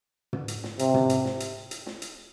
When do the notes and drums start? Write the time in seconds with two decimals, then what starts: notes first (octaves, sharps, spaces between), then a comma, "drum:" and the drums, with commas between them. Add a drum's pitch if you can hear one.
0.33 drum: tom
0.48 drum: hi-hat
0.63 drum: snare
0.79 C3, drum: hi-hat
0.94 drum: tom
1.10 drum: hi-hat
1.25 drum: snare
1.40 drum: hi-hat
1.71 drum: hi-hat
1.86 drum: snare
2.02 drum: hi-hat